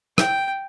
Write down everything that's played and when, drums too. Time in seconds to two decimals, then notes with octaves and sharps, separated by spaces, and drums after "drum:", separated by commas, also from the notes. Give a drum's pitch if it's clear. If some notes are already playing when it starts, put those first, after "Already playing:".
0.18 G5, drum: rim click